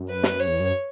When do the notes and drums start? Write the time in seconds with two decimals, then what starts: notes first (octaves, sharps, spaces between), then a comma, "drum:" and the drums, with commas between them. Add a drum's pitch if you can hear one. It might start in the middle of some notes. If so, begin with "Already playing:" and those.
Already playing: F#2
0.09 B4
0.23 drum: snare
0.40 C#5
0.47 E2
0.60 F#2